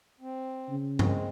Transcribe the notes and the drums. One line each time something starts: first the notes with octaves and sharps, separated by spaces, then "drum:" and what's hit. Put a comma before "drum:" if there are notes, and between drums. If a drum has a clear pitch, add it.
C4
C#3
G#3 C4, drum: tom G2